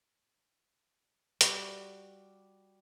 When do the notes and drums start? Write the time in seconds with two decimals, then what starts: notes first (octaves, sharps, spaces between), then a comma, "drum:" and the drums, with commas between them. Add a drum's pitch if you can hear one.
1.41 G3 F#4 G4, drum: hi-hat